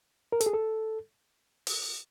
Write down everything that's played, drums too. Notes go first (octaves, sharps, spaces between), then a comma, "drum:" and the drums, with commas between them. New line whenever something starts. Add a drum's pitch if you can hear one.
A#4
A4, drum: hi-hat
G#4
A4
drum: open hi-hat